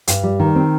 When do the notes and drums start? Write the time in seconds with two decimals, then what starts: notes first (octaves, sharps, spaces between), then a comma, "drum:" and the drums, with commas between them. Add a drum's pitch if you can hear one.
0.07 G2, drum: hi-hat
0.23 G3
0.40 D#3
0.55 C4